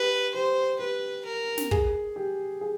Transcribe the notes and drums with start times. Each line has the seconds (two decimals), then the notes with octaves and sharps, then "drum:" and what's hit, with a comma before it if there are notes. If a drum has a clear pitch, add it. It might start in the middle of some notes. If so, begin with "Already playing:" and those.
Already playing: G4 B4
0.34 G4 C5
0.79 G4 B4
1.25 A#4
1.58 drum: snare
1.71 G#4, drum: kick
2.16 G4
2.61 G#4